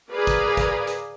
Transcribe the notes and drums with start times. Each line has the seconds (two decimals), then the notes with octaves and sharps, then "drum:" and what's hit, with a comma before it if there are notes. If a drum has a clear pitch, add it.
0.12 G#4 A#4 B4 D5 F5
0.27 drum: kick, hi-hat
0.57 drum: kick, hi-hat
0.87 drum: hi-hat